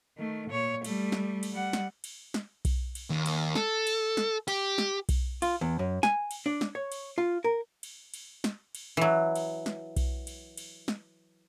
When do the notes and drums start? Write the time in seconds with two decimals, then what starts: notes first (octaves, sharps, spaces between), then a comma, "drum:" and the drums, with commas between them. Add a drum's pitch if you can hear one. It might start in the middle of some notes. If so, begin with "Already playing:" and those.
0.17 D#3 A3
0.50 A#2 C#5
0.84 G3 A3, drum: cymbal
1.12 drum: snare
1.43 drum: cymbal
1.53 G3 F#5
1.73 drum: snare
2.04 drum: cymbal
2.34 drum: snare
2.65 drum: kick B1, cymbal
2.95 drum: cymbal
3.10 D#2
3.26 drum: cymbal
3.55 A4, drum: snare
3.87 drum: cymbal
4.17 drum: snare
4.48 G4, drum: cymbal
4.78 drum: snare
5.09 drum: kick B1, cymbal
5.42 F4, drum: cymbal
5.61 E2
5.79 F#2
6.03 G#5, drum: snare
6.31 drum: cymbal
6.46 D4
6.61 drum: snare
6.75 C#5
6.92 drum: cymbal
7.18 F4
7.44 A#4
7.83 drum: cymbal
8.14 drum: cymbal
8.44 drum: snare
8.75 drum: cymbal
8.97 E3 F#3
9.36 drum: cymbal
9.66 drum: snare
9.97 drum: kick B1, cymbal
10.27 drum: cymbal
10.57 drum: cymbal
10.88 drum: snare